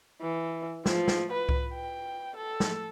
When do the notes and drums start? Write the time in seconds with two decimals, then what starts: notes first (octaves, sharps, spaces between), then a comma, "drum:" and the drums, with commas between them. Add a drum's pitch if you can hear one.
0.22 E3
0.86 F3, drum: snare
1.08 drum: snare
1.32 B4
1.49 drum: kick C2
1.74 G5
2.37 A4
2.60 drum: snare